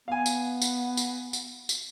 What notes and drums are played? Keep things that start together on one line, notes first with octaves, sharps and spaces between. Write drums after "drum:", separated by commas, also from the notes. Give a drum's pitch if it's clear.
B3 F5 G#5
drum: tambourine
drum: tambourine
drum: tambourine
drum: tambourine
drum: tambourine